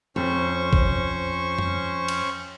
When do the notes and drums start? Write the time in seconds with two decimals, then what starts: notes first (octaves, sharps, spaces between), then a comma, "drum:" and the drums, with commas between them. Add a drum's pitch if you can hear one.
0.16 F2 C#4 C5 C#6
0.73 drum: kick
1.58 drum: tom F2
2.08 drum: cymbal